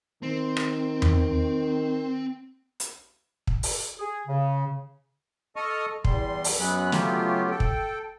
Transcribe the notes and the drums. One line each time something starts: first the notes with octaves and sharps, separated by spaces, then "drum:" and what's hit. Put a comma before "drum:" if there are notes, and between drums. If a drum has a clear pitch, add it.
D#3 C4
drum: rim click
drum: tom E2
drum: hi-hat
drum: kick
drum: open hi-hat
G#4
C#3
A4 D#5 C#6 D#6 F6
E2 G3 C6, drum: kick
drum: open hi-hat
F#2 F#3 G#3 B3 B5 F#6
C#3 F#3 A3 B3 F4 G4, drum: snare
A4 G5
drum: kick